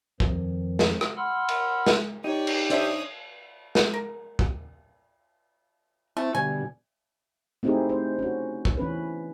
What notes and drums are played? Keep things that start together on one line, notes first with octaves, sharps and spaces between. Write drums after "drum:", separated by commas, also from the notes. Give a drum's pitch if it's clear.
F2 D#3 F3, drum: kick
drum: snare
drum: rim click
F#5 B5 C6 E6 F6
drum: cymbal
drum: snare
D#4 G4 C#5 D5
drum: cymbal
D4 C5 C#5 E5 D#6, drum: hi-hat
drum: snare
A#4
drum: kick
A3 C4 E4
B2 D3 G3 G#5
A3 C4 D#4 E4 G4 G#4
C5
C#4 F#4
drum: kick
E3 C#4 B4